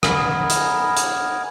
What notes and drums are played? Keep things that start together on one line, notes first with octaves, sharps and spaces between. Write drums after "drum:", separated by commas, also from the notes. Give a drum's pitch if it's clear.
B3 A#4 D#5 G#5, drum: rim click
drum: hi-hat
drum: hi-hat